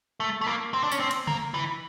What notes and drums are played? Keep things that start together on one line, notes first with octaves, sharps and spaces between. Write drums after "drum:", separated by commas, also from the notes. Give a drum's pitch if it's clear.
A3
A3
A#3
C4
D4
C#4, drum: tambourine
C4
drum: cymbal
A#3, drum: tom C#3
E3